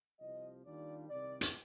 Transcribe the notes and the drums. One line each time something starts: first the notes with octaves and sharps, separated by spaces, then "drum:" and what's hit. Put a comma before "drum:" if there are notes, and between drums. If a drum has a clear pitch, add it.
C2 C3 F3 D#5
D#2 D#3 G3 D4 F4 D5
C2 C3 D#3 D5
drum: hi-hat